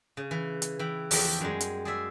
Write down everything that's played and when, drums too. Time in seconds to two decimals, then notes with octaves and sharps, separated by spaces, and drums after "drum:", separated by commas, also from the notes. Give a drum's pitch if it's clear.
0.17 C#3
0.31 E3
0.62 drum: hi-hat
0.79 E3 G5 B5
1.11 E2 F3 A3 G4 A5, drum: open hi-hat
1.41 F#2 G3 G#3
1.61 drum: hi-hat
1.85 G#4 D5 E5